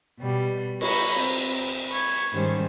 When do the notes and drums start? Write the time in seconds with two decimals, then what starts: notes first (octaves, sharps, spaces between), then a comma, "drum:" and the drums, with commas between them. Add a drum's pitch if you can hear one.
0.19 B2 G3
0.81 C#5 A#5 B5, drum: cymbal
1.17 C4
1.89 B5 C#6 G#6
2.33 G#2 D#3 G3 C#4 C5